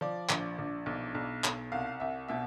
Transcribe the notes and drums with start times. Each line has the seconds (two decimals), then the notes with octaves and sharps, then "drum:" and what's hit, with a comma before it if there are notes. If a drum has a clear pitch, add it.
0.01 F3 D5
0.29 A#1, drum: clap
0.58 A#1
0.86 B1
1.15 B1
1.44 B1, drum: clap
1.72 C2 F5
2.00 C2 E5
2.28 B2 E5